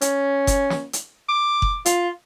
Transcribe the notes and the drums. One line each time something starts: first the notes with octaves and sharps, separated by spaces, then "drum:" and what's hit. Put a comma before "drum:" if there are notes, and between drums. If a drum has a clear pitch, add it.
C#4, drum: hi-hat
drum: kick F#1, hi-hat
drum: snare
drum: hi-hat
D6
drum: kick F#1
F4, drum: hi-hat